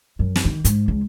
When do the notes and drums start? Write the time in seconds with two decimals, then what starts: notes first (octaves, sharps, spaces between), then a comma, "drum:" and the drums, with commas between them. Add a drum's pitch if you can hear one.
0.19 F#2
0.36 drum: snare
0.45 D#3
0.65 G#2, drum: hi-hat
0.88 C#2